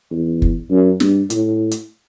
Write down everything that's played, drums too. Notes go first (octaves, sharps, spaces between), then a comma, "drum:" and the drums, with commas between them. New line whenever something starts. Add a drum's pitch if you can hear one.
E2
drum: kick
F#2
G2, drum: snare
A2, drum: hi-hat
drum: hi-hat